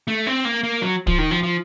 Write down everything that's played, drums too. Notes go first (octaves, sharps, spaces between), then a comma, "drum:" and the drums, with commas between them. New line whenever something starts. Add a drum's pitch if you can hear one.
A3
C4
A#3
A#3
F#3
F3, drum: kick
D#3
F3
F3